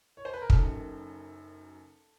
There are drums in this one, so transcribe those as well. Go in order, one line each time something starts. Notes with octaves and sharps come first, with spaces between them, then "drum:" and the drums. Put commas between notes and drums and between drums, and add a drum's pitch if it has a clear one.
C#5
C5
B4
A#4
F#1 F#2 D#3 A4, drum: kick